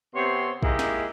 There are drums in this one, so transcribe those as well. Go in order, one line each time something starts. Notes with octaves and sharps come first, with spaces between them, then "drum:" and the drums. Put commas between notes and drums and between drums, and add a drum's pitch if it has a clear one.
C3 B3 C4 C#5 C6
G#3 A#3 D#4 E4 G4, drum: kick
drum: snare